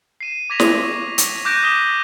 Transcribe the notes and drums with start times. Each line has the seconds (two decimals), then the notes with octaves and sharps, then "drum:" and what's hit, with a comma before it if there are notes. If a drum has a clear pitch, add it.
0.21 C7 D#7 E7
0.50 D6 G#6 A#6 B6 F7
0.60 drum: snare
0.83 C#6
1.18 drum: hi-hat
1.45 D6 F#6 G6 A#6 D7 D#7
1.63 D6 D#6 B6 E7 G7